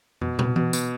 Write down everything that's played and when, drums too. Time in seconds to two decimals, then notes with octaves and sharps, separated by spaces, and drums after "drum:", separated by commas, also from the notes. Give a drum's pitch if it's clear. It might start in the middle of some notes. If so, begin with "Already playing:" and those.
0.21 B2, drum: tom
0.39 B2, drum: tom
0.56 B2, drum: tom E3
0.73 B2, drum: tambourine